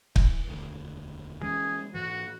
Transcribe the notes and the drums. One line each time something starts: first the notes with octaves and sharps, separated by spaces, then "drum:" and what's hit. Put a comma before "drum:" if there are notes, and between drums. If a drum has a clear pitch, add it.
E3, drum: kick
E1 D2
E3 G#3 C#4 G#4
G#2 E3 F#4